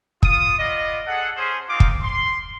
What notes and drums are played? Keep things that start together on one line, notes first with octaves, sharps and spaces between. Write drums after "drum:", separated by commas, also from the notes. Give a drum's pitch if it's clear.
F4 D#6, drum: kick
B3 F4 D5 D#5
G#4 A4 F#5
C#4 G#4 C5
C4 D#4 F4 A#4 F5 D6
drum: kick
C6